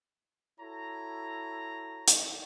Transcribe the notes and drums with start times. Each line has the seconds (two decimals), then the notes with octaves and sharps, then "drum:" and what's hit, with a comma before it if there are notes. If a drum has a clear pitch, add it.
0.60 E4 F#4 A4 C#5 A#5
2.08 drum: hi-hat